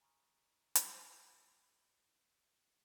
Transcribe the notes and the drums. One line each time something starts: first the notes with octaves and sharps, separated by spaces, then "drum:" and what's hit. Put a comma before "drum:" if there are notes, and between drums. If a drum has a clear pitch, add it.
G#5 A#5 B5 C#6 D#6 F6
drum: hi-hat